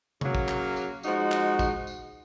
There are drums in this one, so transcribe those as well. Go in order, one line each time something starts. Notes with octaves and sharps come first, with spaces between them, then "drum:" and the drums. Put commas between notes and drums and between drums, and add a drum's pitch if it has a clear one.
C#3 F#3 A#3, drum: tom C3
drum: kick
drum: clap
drum: tambourine
F3 G#3 D#4 F#4, drum: tambourine
drum: clap
drum: kick, tambourine
drum: tambourine